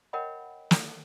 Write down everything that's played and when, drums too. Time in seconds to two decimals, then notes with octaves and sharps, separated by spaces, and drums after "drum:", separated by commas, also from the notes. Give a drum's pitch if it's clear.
0.13 A#4 C#5 D#5 F#5 G5 B5
0.71 drum: snare